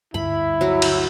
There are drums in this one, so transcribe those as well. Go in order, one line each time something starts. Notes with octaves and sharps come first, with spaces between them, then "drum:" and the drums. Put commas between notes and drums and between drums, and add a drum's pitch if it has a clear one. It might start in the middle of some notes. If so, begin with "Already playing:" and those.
D2 G2 G3 E4 B5
F#3 F#4
drum: cymbal